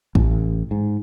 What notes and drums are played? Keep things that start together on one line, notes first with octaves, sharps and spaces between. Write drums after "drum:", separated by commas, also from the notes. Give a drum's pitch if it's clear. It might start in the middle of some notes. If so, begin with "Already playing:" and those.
A1, drum: kick
G#2